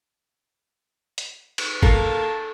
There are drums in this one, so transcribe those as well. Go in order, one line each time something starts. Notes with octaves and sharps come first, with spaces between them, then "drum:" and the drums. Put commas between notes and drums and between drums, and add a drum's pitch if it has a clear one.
drum: hi-hat
drum: cymbal
A#3 A4 A5, drum: kick G#1